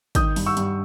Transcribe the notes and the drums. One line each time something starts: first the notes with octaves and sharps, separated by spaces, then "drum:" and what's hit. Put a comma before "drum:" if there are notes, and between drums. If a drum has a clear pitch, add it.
D#3 D#6 G6, drum: kick, hi-hat
G2, drum: open hi-hat
C#6 E6
G2, drum: hi-hat